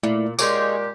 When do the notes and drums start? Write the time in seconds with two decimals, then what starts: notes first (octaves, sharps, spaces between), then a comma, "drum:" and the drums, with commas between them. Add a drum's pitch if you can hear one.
0.03 A#2 A3 E4 D5
0.39 A#2 G#3 D#4 G4 G#4 C#5 C6 D6, drum: tambourine